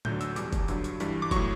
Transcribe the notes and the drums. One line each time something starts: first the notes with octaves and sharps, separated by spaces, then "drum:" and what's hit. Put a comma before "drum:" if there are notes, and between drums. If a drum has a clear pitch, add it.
D2 D3 F#3 G6, drum: tom A2
E6, drum: hi-hat
E2 B2 G3 D6, drum: hi-hat
drum: kick, hi-hat
G2 D3 F#3, drum: hi-hat
drum: hi-hat
G2 E3 G3, drum: hi-hat
D6
A2 F#3 C#6, drum: kick, hi-hat